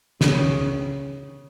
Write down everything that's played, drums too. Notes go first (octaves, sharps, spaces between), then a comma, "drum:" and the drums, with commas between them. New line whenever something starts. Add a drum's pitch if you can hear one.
C#3, drum: snare